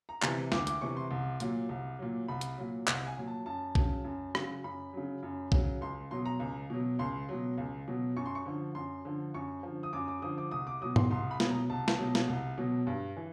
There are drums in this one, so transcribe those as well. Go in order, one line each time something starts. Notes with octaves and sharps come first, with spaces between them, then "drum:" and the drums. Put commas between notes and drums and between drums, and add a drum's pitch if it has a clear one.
A#5
C3 E3 A#5, drum: clap
D2 D6, drum: snare
D6, drum: hi-hat
C3 E3 C#6
C6
C2
A#2 F#3, drum: hi-hat
C2
A#2 F#3
C2 B5
drum: hi-hat
A#2 F#3
C2, drum: clap
G#5
A#2 F#3
A5
F#2 A5
C#3 F#3, drum: kick B1
F#2
C#3 F#3, drum: rim click
F#2 B5
C#3 F#3
F#2
C#3 F#3, drum: kick B1
C#2 C6
B2 F#3 C6
A#5
C#2
B2 F#3
C#2 C6
B2 F#3
C#2
B2 F#3
F#2 C#6
C6
C#6
D3 F3
F#2 C6
D3 F3
F#2 C#6
D3 F3
D#6
F#2 D6
D6
D3 F3 D#6
D6
C2 D#6
D6
B2 F#3 D#6
C6, drum: tom G#2
C2 C6
B5
B2 F#3, drum: snare
A#5
C2 A5
drum: snare
B2 F#3
drum: snare
C2
B2 F#3
G2
E3